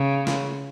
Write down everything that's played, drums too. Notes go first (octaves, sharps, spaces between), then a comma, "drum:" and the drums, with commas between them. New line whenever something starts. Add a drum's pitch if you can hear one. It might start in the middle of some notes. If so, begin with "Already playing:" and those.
Already playing: C#3
drum: snare